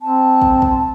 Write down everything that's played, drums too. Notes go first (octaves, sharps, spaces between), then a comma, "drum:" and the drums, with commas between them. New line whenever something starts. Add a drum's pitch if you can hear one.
C4 A5
drum: kick
drum: kick